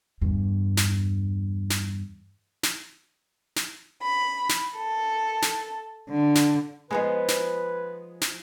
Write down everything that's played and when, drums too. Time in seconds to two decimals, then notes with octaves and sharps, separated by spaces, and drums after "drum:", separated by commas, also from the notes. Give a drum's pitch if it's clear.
0.21 E2 G2
0.77 drum: snare
1.70 drum: snare
2.63 drum: snare
3.56 drum: snare
4.03 B5
4.49 drum: snare
4.76 A4
5.42 drum: snare
6.09 D3
6.35 drum: snare
6.91 F3 G#3 B3 D#4 F4 G#4 B4
7.28 drum: snare
8.21 drum: snare